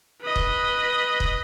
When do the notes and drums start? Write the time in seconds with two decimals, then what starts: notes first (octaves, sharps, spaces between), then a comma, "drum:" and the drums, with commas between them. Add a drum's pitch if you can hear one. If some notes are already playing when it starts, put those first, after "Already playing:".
0.22 B4 D#5
0.36 drum: kick
1.20 drum: kick